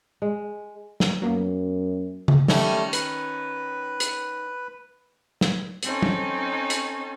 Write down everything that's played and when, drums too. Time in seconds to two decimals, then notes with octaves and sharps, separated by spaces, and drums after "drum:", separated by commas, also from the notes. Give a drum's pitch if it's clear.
0.22 G#3
1.00 drum: snare
1.22 F#2 F#3 A#3 B3
2.28 drum: tom
2.48 D#3 G3 A3 C#4 D#4, drum: snare
2.93 B4, drum: hi-hat
4.00 drum: hi-hat
5.41 drum: snare
5.83 C4 C#4 D#4 A4, drum: hi-hat
6.02 drum: tom
6.70 drum: hi-hat